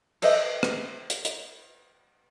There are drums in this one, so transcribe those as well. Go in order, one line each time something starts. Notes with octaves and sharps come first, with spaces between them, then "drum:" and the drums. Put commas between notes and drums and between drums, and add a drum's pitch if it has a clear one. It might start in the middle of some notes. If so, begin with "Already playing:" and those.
A4 B4 C5 D#5 E5, drum: cymbal
drum: rim click
drum: hi-hat
drum: hi-hat